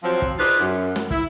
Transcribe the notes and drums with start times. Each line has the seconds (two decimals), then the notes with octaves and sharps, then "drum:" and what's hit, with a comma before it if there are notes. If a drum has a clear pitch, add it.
0.03 F3 F#3 C4
0.22 drum: kick
0.39 D#4 F4 G#4 B4 C5 D5
0.60 F#2
0.96 drum: snare
1.10 E4, drum: kick